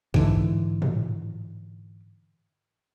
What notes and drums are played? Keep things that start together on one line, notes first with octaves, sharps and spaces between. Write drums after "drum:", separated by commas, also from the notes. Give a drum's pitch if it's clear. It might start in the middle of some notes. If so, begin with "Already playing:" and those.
G#2 D3 E3, drum: kick A#1
drum: tom A2